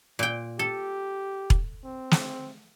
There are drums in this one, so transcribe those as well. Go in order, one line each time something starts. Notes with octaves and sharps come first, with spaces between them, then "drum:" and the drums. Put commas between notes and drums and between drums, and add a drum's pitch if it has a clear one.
A#2 G5
G4 A4
drum: kick E1
C4
drum: snare